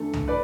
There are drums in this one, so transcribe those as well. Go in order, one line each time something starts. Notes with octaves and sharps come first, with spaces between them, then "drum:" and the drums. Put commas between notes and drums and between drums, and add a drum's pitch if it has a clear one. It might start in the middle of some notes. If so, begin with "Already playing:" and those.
Already playing: E2 D3 A3 A4
drum: tom C2
B4 D5